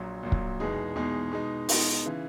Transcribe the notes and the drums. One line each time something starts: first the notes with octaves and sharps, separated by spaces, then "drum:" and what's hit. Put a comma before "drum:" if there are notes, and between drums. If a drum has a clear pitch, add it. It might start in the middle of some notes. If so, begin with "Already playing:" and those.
Already playing: A#1 A#2 F#3
A#1 A#2 F#3
drum: kick
E2 B2 G#3 D#4 G#4
E2 B2 G#3 D#4 G#4
B2 G#3 D#4
B2 G#3 D#4, drum: open hi-hat
C#3 E3